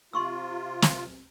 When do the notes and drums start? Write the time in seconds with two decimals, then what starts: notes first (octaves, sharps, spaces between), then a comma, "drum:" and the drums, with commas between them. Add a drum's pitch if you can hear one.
0.13 C3 F4 C6 C#6 E6
0.82 drum: snare